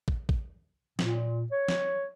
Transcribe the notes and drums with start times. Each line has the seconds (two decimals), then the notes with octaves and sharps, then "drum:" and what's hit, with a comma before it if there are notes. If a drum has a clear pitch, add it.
0.08 drum: kick
0.29 drum: kick
0.99 A#2, drum: snare
1.51 C#5
1.68 drum: snare